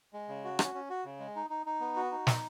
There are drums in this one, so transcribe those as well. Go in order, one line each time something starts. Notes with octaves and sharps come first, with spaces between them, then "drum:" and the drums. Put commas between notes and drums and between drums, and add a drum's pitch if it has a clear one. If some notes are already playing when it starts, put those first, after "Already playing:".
G#3
C#3
F#4
C#4, drum: rim click
C#4
F#4
C#3
G#3
D#4
D#4
D#4
B3
F#4
D#4
drum: snare